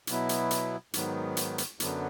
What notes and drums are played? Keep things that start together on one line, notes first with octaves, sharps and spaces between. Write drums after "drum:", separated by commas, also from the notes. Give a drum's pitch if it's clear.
B2 F#3 B3 E4, drum: hi-hat
drum: hi-hat
drum: hi-hat
G#2 D#3 F#3 B3, drum: hi-hat
drum: hi-hat
drum: hi-hat
F#2 D3 F#3 B3, drum: hi-hat